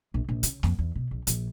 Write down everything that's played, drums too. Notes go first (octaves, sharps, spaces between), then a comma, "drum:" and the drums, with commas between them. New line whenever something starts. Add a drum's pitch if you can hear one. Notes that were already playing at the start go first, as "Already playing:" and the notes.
A#1
A#1
C#3, drum: hi-hat
F2, drum: snare
E2
B2
A#1
A#1, drum: hi-hat